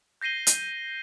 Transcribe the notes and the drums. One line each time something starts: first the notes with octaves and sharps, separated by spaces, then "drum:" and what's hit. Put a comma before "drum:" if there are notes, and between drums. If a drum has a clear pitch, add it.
G6 A#6 C7 D#7 G7
drum: hi-hat